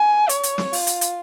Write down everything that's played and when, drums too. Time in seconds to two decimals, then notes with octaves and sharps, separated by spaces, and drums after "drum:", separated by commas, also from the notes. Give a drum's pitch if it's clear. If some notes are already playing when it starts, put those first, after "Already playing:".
Already playing: G#5
0.29 C#5, drum: hi-hat
0.43 drum: hi-hat
0.58 drum: snare
0.73 F4, drum: open hi-hat
0.87 drum: hi-hat
1.01 drum: hi-hat